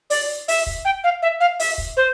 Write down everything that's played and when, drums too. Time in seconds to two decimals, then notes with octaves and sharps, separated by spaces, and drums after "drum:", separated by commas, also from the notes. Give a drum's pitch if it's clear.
0.10 D5, drum: open hi-hat
0.48 E5, drum: open hi-hat
0.67 drum: kick
0.85 G5
1.04 F5
1.22 E5
1.40 F5
1.60 E5, drum: open hi-hat
1.78 drum: kick
1.97 C5